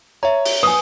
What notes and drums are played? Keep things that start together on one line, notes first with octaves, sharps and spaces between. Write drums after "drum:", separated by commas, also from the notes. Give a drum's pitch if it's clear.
C#5 E5 A#5
drum: open hi-hat
B4 G#5 D#6